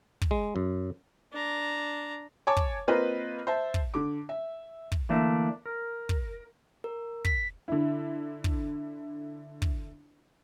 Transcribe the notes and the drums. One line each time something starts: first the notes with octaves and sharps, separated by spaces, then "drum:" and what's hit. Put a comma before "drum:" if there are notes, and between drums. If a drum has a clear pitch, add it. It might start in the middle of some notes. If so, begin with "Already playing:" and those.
drum: kick
G#3
F#2
D4 A#5
C#5 G#5 A5 D6
drum: kick
A#3 C4 F4 B4 C5 D#5
C5 E5 A5
drum: kick
D3 D6
E5
drum: kick
D3 E3 A3 A#3 D4
A#4
drum: kick
A#4
B6, drum: kick
D3 E4
drum: kick
drum: kick